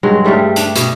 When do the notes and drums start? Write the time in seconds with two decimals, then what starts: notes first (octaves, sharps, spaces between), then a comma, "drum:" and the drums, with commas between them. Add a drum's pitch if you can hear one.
0.03 G2 F#3 G#3
0.24 G2 C#3 G3 A3
0.56 D4, drum: hi-hat
0.76 B2, drum: hi-hat